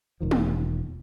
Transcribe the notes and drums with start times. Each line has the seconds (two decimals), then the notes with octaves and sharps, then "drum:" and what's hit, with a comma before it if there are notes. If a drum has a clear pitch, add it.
0.21 E1 D#3 F3
0.31 drum: tom